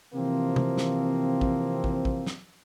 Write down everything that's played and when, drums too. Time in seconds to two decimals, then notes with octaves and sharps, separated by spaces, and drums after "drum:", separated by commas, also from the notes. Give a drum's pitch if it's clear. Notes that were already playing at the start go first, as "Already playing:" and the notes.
0.14 C3 E3 F3 A#3 C4
0.56 drum: tom
0.78 drum: snare
1.41 drum: kick
1.84 drum: kick
2.05 drum: kick
2.26 drum: snare